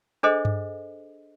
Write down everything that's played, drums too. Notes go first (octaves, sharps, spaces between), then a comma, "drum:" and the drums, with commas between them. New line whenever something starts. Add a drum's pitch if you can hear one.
D4 G#4 A4 C5 D#5
drum: tom G2